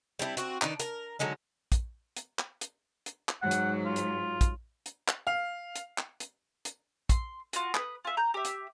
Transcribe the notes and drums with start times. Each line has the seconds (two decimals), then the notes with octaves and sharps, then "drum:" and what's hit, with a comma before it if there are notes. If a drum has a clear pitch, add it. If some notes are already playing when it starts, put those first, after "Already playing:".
0.19 G3 C4 D4 E4
0.37 C4 F#4, drum: hi-hat
0.62 D#3 D4 D#4 B4, drum: clap
0.80 A#4, drum: hi-hat
1.19 D3 F#3 G#3 D#4
1.72 drum: kick, hi-hat
2.17 drum: hi-hat
2.39 drum: clap
2.61 drum: hi-hat
3.06 drum: hi-hat
3.29 drum: clap
3.42 G#2 F#3 F#5
3.51 drum: hi-hat
3.85 F4
3.96 drum: hi-hat
4.41 drum: kick, hi-hat
4.86 drum: hi-hat
5.08 drum: clap
5.27 F5
5.75 drum: hi-hat
5.98 drum: clap
6.20 drum: hi-hat
6.65 drum: hi-hat
7.09 C6, drum: kick, hi-hat
7.53 F4 F#4, drum: hi-hat
7.75 B4 D#6, drum: clap
8.05 F4 E5
8.17 A#5 G6
8.34 G4 E5
8.45 drum: hi-hat